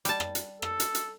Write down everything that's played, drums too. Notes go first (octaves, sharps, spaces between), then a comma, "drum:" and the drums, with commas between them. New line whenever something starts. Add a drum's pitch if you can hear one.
G3 A5, drum: hi-hat
drum: rim click
drum: hi-hat
A4, drum: rim click
drum: hi-hat
drum: hi-hat